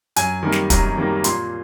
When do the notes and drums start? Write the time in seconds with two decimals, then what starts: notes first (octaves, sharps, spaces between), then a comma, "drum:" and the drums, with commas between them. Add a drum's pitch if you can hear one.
0.16 F#2 G#5, drum: hi-hat
0.43 D#3 G3 A#3
0.52 drum: snare
0.70 F#2 A#5, drum: kick, hi-hat
0.97 D#3 G3 A#3
1.24 A#2 C6, drum: hi-hat